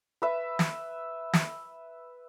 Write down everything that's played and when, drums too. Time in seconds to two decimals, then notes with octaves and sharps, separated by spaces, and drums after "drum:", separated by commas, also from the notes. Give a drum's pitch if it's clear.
0.22 B4 E5
0.59 drum: snare
1.33 drum: snare